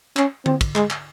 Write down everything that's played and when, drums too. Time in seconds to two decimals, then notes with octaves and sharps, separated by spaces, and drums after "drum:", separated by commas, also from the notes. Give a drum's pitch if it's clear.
0.17 C#4, drum: clap
0.46 C4, drum: tom D3
0.61 drum: kick, cymbal
0.75 G#3, drum: clap
0.90 drum: clap